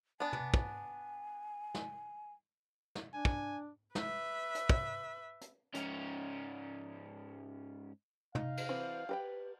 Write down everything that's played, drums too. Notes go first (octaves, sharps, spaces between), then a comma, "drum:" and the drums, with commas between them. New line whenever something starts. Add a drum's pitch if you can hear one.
B3 D4 G#5
drum: tom
drum: kick
drum: snare
drum: snare
D4 G#5
drum: kick
B4 E5, drum: snare
drum: hi-hat
drum: kick
drum: hi-hat
G#2 C#4, drum: hi-hat
D#4 F5, drum: tom
drum: cymbal
E3 C4
G4 B4 G5